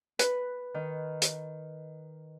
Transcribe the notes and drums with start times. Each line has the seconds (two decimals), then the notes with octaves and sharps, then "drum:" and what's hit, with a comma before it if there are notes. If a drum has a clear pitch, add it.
0.19 B4, drum: hi-hat
0.74 D#3
1.22 drum: hi-hat